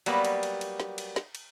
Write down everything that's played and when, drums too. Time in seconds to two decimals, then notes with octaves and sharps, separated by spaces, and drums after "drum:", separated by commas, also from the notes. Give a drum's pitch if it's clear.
0.06 F#3 G3 A#3 B3, drum: cymbal
0.25 drum: cymbal
0.43 drum: cymbal
0.61 drum: cymbal
0.80 drum: snare
0.98 drum: cymbal
1.16 drum: snare
1.35 drum: cymbal